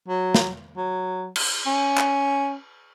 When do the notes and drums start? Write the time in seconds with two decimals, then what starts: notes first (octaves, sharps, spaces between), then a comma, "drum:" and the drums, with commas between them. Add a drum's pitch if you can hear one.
0.08 F#3
0.35 drum: snare
0.77 F#3
1.36 drum: cymbal
1.66 C#4
1.98 drum: clap